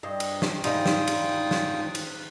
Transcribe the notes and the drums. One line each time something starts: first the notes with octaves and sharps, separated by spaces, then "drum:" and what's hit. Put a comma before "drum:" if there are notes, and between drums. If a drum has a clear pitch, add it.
G2 D#5
drum: cymbal
drum: snare
G#2 G3 D#4 F4 G5 D#6, drum: cymbal
drum: snare
drum: cymbal
drum: snare
drum: cymbal